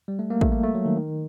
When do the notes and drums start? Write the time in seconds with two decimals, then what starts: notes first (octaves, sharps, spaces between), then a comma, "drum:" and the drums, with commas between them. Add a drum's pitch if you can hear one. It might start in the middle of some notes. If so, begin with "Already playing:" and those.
0.08 G3
0.19 A3
0.30 A#3
0.41 A3, drum: kick
0.52 A#3
0.63 A3
0.75 F#3
0.85 D#3
0.97 D#3